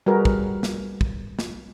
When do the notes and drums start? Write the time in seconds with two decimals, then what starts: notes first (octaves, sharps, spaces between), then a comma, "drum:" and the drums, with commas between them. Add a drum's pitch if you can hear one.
0.06 G3 F#4 G#4 A#4 B4
0.25 drum: kick
0.63 drum: snare
1.01 drum: kick
1.39 drum: snare